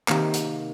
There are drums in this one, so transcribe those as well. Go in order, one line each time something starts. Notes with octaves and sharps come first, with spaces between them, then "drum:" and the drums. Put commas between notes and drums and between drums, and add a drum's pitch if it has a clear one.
C3 D#3 A#3, drum: clap
drum: hi-hat